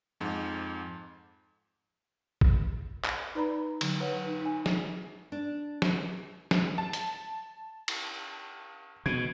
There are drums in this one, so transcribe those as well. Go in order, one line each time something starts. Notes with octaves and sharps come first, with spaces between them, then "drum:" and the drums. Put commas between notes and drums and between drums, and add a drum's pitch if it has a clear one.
F2 G#2
drum: kick
drum: clap
D#4 B4 D5 A#5 B5
D3 F#3, drum: cymbal
B4 C#5 F#5
D#4
D#4 G#5
drum: snare
D4
drum: snare
drum: snare
A5
drum: hi-hat
drum: cymbal
B2 G#6